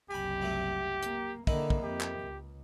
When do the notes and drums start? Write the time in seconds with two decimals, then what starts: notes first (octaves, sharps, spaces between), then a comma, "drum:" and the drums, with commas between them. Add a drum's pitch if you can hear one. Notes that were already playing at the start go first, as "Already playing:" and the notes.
0.11 F#1 C2 G4 G#5 B5
0.41 F#3 A3
1.03 A#3, drum: hi-hat
1.47 D3 D#3 A#3 D#4 E4, drum: kick
1.70 drum: kick
1.83 F2 G4
2.01 drum: clap
2.20 C#2